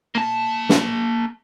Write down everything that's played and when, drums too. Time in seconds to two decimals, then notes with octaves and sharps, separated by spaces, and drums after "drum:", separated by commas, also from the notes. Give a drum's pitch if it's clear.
0.15 A#3 A5
0.69 drum: snare